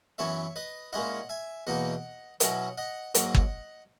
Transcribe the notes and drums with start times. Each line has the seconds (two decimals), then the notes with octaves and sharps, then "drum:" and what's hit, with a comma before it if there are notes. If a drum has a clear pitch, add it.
0.18 F#2 E3 B3 E4 C#5 E5
0.56 B4 D#5
0.93 A#2 G#3 C#4 E4 D#5 F#5
1.29 E5 G#5
1.67 E2 B2 A#3 D#4 D#5 F#5
2.40 B2 F#3 C#4 E4 D#5 F#5, drum: hi-hat
2.78 D#5 F#5
3.14 G#2 F#3 A#3 D#5 F#5, drum: hi-hat
3.35 drum: kick